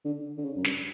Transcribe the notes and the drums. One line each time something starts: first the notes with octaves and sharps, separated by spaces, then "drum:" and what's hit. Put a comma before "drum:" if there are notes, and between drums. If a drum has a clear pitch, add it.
D3
D3
C#3
F#2
G2, drum: snare